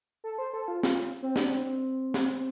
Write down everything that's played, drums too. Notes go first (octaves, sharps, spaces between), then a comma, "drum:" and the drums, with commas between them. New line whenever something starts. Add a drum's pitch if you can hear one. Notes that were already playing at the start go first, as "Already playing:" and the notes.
A4
C5
A4
F4
F4, drum: snare
C4
D4, drum: snare
C4
drum: snare